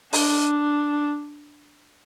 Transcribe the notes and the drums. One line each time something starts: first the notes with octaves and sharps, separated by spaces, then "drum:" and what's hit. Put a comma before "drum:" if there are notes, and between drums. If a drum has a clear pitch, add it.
D4, drum: open hi-hat